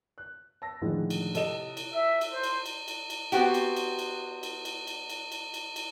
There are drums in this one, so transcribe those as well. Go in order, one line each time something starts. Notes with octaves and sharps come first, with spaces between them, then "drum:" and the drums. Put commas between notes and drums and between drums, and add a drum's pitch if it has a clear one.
F#6
A5 E6 A#6
A2 D3 D#3 F3 G#3
drum: cymbal
C3 A4 D#5 E7, drum: cymbal
drum: cymbal
E5
drum: cymbal
C5
drum: cymbal
drum: cymbal
drum: cymbal
drum: cymbal
B3 C4 F#4 G4, drum: cymbal
drum: cymbal
drum: cymbal
drum: cymbal
drum: cymbal
drum: cymbal
drum: cymbal
drum: cymbal
drum: cymbal
drum: cymbal
drum: cymbal